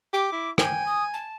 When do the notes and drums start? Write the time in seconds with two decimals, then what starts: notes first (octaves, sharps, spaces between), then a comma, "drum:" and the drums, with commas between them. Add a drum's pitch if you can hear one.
0.13 G4 D6
0.32 E4
0.58 G5 G#5, drum: rim click
0.85 D#6
1.13 A5